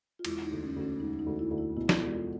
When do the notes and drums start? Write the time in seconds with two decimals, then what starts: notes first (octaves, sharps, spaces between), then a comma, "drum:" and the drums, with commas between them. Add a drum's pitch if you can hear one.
0.19 F4
0.25 E1 E4, drum: cymbal
0.43 D#4
0.51 D2
0.63 C#4
0.76 D2
0.81 C#4
1.00 E1 D#4
1.19 D#4
1.26 D2
1.39 E4
1.51 D2
1.58 E4
1.76 B2 E4
1.89 E4, drum: snare
1.96 F4
2.02 E1
2.15 F4